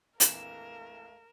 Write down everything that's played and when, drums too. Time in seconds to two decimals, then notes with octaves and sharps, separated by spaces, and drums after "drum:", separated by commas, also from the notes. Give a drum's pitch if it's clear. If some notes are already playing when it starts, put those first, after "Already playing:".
0.20 A#1 F2 E3 G#3 A3 A#4 F5 E7, drum: hi-hat